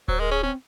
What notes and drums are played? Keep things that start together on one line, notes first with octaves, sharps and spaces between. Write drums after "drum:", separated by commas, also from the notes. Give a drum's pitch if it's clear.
F#3 C5, drum: kick D1
G#3 A#4
C#4 G#4
C4 C#4